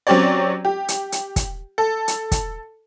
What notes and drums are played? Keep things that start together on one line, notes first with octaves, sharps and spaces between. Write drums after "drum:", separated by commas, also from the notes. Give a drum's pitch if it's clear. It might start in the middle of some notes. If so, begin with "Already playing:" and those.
F#3 C4 C#4 G4 C#5 D5
G4
drum: hi-hat
drum: hi-hat
drum: kick, hi-hat
A4
drum: hi-hat
drum: kick, hi-hat